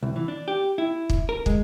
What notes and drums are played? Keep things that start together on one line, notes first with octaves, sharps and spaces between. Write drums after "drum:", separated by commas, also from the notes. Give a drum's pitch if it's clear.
C2
E3
D4
G4
E4
drum: kick
A#4
G#3, drum: kick